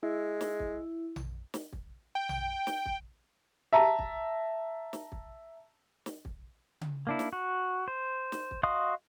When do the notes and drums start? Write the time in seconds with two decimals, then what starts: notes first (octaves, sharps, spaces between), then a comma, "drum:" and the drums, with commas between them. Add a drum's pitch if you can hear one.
0.03 G#3 E4
0.41 drum: snare
0.59 drum: kick
1.16 drum: tom A#1
1.54 drum: snare
1.73 drum: kick
2.15 G5
2.29 drum: tom A#1
2.67 drum: snare
2.86 drum: kick
3.73 E5 A5 A#5
3.99 drum: kick
4.93 drum: snare
5.12 drum: kick
6.06 drum: snare
6.25 drum: kick
6.81 drum: tom C#3
7.07 A#3 D4 E4
7.19 drum: snare
7.33 F#4
7.88 C5
8.32 drum: snare
8.51 drum: kick
8.63 F#4 D#5 F5 C6 D#6